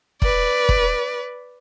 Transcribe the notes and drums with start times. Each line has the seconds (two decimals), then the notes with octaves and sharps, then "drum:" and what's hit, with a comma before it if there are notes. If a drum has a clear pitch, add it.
0.22 B4 D5, drum: kick
0.69 drum: kick